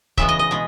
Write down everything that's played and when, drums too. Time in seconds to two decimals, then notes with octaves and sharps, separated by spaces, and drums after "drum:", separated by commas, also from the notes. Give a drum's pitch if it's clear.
0.17 C#3 E3 G#3 B3 E5, drum: kick
0.29 D#5
0.39 D#5
0.51 B2 G#3